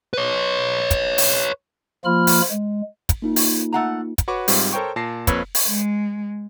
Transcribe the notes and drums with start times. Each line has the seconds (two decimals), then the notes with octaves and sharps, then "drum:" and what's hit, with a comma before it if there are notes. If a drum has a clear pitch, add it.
0.14 B4 C#5
0.91 drum: kick, hi-hat
1.18 drum: open hi-hat
2.05 F3 A#3 F4 B5 F6
2.27 drum: open hi-hat
2.50 G#3
3.09 drum: kick, hi-hat
3.22 A#3 D#4 F4
3.36 drum: open hi-hat
3.73 A3 F#5 A#5
4.18 drum: kick, hi-hat
4.28 F#4 B4 C#5 C#6 D6
4.48 G#2 G3 C4 F4, drum: open hi-hat
4.73 A4 A#4 C5 C#5 G5 C#6
4.96 A#2 A5 A#6 C7
5.27 F2 A#3 B4 C#5 E6 G#6, drum: kick, hi-hat
5.55 drum: open hi-hat
5.67 G#3